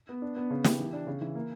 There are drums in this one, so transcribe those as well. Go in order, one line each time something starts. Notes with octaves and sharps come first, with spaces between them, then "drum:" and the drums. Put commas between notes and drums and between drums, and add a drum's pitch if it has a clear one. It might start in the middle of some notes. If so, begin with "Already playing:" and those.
B3
D4
B3
C#3
G4, drum: snare
E3
D4
C#3
E3
A#3